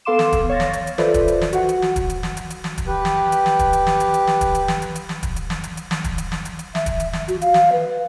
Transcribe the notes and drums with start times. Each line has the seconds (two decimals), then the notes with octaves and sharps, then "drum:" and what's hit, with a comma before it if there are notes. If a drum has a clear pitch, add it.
0.05 B3 A4 F5 C6 D6 E7
0.19 drum: snare
0.33 drum: kick, hi-hat
0.49 C#5 F5 A6 A#6
0.60 drum: snare
0.73 drum: hi-hat
0.87 drum: hi-hat
0.98 F4 A4 B4 C5 D5 E5, drum: snare
1.14 drum: kick, hi-hat
1.28 drum: hi-hat
1.41 drum: snare
1.53 F#4 F#5, drum: hi-hat
1.69 drum: hi-hat
1.82 drum: snare
1.96 drum: kick, hi-hat
2.10 drum: hi-hat
2.23 drum: snare
2.37 drum: hi-hat
2.50 drum: hi-hat
2.64 drum: snare
2.78 drum: kick, hi-hat
2.87 G4 B4
3.05 drum: snare
3.32 drum: hi-hat
3.46 drum: snare
3.59 drum: kick, hi-hat
3.73 drum: hi-hat
3.87 drum: snare
4.00 drum: hi-hat
4.14 drum: hi-hat
4.27 drum: snare
4.41 drum: kick, hi-hat
4.55 drum: hi-hat
4.68 drum: snare
4.82 drum: hi-hat
4.95 drum: hi-hat
5.09 drum: snare
5.23 drum: kick, hi-hat
5.36 drum: hi-hat
5.50 drum: snare
5.64 drum: hi-hat
5.77 drum: hi-hat
5.91 drum: snare
6.04 drum: kick, hi-hat
6.18 drum: hi-hat
6.32 drum: snare
6.45 drum: hi-hat
6.59 drum: hi-hat
6.75 E5, drum: snare
6.86 drum: kick, hi-hat
7.00 drum: hi-hat
7.13 drum: snare
7.28 F#4, drum: hi-hat
7.42 F5, drum: hi-hat
7.54 drum: snare
7.73 B4